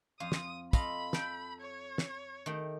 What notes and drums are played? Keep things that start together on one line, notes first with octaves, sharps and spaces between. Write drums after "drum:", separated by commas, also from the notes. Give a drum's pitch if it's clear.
F2 F4 F5 D#6
drum: snare
F4 A4 D#5 B5, drum: kick, tambourine
A4 G5, drum: snare
C#5
drum: snare
D#3 A3 G4